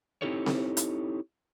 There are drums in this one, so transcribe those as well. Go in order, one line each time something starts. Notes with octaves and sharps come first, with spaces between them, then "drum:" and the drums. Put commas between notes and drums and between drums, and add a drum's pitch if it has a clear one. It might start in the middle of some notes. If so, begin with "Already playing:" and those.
C4 D#4 E4 G4 A4 C#5
drum: snare C4
drum: hi-hat